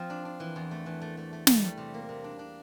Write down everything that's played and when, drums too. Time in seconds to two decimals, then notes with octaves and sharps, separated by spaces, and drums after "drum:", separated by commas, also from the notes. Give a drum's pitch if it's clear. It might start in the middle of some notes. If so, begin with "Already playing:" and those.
Already playing: F3 C4
0.10 D4
0.25 D4
0.40 E3
0.56 E2
0.71 A3
0.86 E3
1.02 A3
1.17 A3
1.33 A3
1.47 A3, drum: snare
1.63 G3
1.78 C3
1.94 A#3
2.09 C3
2.24 D4
2.39 D4